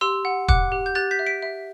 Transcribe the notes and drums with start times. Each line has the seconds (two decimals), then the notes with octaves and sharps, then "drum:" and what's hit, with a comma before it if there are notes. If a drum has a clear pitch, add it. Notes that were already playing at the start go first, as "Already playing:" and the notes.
0.01 G4 C6 E6
0.25 F#5
0.49 F#5 D6 F#6, drum: kick
0.72 G4
0.86 G6
0.95 G4 F#6 A6
1.11 G6 B6
1.19 E5
1.26 B6 D7
1.42 E5